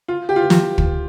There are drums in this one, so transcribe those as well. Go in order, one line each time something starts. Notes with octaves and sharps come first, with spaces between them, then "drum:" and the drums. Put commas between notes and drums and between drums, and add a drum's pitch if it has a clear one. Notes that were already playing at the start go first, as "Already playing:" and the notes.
F4
G4
F4
F4, drum: snare
drum: kick